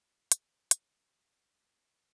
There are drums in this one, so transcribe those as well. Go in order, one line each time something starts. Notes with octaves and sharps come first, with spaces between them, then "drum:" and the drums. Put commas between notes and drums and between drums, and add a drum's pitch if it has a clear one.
C#4
F3, drum: hi-hat
C#3, drum: hi-hat
C5
D#3
A3
G#2
C#5